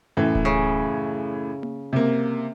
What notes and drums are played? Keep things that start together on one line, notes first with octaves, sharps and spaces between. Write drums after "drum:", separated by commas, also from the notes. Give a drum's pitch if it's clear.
F#2 A2 E3
drum: kick D1
C#3
drum: tom A#3
C3 A#3